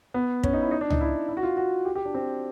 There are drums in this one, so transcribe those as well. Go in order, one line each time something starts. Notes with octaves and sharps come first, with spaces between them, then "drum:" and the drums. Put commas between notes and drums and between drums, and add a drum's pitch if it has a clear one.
B3
C#4, drum: kick
D#4
E4
D#4
D4
D#4, drum: tom C#2
E4
E4
F#4
F4
F#4
G4
G4
D4
C4